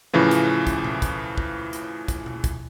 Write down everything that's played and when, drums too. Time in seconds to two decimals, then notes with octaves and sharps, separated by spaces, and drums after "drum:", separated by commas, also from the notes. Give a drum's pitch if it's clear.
0.13 A2 C#3 E3 F3
0.31 drum: hi-hat
0.67 drum: kick, hi-hat
0.84 drum: tom B2
1.02 drum: kick, hi-hat
1.38 drum: kick
1.73 drum: hi-hat
2.08 drum: kick, hi-hat
2.26 drum: tom B2
2.44 drum: kick, hi-hat